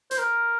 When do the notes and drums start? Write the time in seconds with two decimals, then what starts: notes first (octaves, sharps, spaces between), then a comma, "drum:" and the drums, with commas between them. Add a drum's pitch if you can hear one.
0.11 C5, drum: hi-hat
0.19 A#4